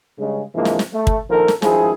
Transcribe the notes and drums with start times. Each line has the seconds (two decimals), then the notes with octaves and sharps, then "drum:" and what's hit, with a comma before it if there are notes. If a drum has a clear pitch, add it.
0.19 G2 C#3 G#3
0.54 G2 C3 E3 F3 G#3 A#3
0.65 drum: snare
0.79 drum: snare
0.93 A3
1.07 drum: kick
1.29 A#1 D#3 F3 A4 A#4
1.48 drum: snare
1.62 G#1 G2 F3 E4 G#4, drum: snare